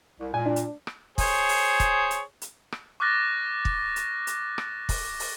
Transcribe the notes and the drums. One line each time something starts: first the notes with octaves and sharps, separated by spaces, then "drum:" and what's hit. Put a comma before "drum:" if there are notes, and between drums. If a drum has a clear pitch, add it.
C2
A#2 G#5
D4
drum: hi-hat
drum: rim click
G#4 C5 C#5, drum: kick, open hi-hat
drum: open hi-hat
drum: kick, hi-hat
drum: hi-hat
drum: hi-hat
drum: rim click
C#6 D6 F6 F#6 A6 A#6
drum: kick
drum: hi-hat
drum: hi-hat
drum: rim click
drum: kick, open hi-hat
drum: open hi-hat